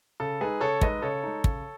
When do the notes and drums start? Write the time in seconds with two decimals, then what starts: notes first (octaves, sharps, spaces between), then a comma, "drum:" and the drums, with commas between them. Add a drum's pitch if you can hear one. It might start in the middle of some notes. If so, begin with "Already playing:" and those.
0.20 C#3 A4
0.40 G#3 D#4 G#4 B4
0.61 C#3 A4 C#5
0.81 G#3 D#4 B4 D#5, drum: kick
1.02 C#3 A4 C#5
1.23 G#3 D#4
1.44 C#3, drum: kick